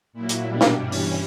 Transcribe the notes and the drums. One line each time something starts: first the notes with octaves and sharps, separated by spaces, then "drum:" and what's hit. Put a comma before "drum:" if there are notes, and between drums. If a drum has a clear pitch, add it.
A#2 F#3 E4
drum: hi-hat
B2 G3 D4
drum: snare
G2 E3 G3 C#4
drum: open hi-hat